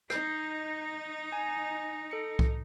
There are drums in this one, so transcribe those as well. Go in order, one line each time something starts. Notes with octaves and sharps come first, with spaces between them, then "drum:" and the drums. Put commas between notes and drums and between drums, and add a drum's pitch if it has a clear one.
D#4 G6 C7, drum: rim click
G#5
A4 C#7
drum: kick C2